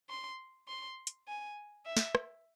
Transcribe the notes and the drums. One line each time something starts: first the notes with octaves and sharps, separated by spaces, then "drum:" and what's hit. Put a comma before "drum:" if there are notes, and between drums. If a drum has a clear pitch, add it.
C6
C6
drum: hi-hat
G#5
E5
drum: snare
drum: rim click